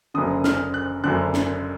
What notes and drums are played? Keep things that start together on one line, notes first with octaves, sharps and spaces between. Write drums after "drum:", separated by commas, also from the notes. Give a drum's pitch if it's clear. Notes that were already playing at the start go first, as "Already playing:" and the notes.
F#1 F#2 D3 D#6
F6, drum: snare
F#6
F#1 F#2 D3 F#6
drum: snare